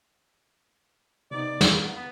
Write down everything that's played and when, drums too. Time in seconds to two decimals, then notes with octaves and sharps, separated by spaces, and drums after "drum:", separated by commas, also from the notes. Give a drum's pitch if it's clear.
1.31 C3 B3 D#4 D5
1.61 F5 A#5, drum: snare
1.81 B3
1.96 B3